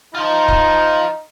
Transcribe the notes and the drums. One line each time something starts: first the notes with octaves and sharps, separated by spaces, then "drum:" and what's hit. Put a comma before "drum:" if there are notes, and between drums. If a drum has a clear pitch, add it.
D#4 F4 C5
drum: kick